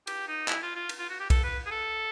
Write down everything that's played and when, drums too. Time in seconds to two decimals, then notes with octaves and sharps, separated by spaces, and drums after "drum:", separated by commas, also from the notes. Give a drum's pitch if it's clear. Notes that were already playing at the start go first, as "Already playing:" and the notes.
0.07 G4, drum: cymbal
0.28 D#4
0.48 E4, drum: clap
0.62 F4
0.76 F4
0.89 drum: cymbal
0.99 F4
1.10 F#4
1.20 G4
1.30 A4, drum: kick B1, cymbal
1.44 B4
1.66 G#4
1.71 A4